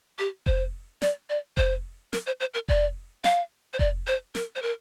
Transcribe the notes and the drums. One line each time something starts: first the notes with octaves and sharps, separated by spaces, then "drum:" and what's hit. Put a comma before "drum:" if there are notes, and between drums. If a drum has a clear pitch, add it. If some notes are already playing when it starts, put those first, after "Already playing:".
G4
C5, drum: kick F1
D5, drum: snare
D5
C5, drum: kick F1
A#4, drum: snare
C5
C5
A#4
D5, drum: kick F1
F5, drum: snare
C5
D5, drum: kick F1
C5
A#4, drum: snare
C5
A#4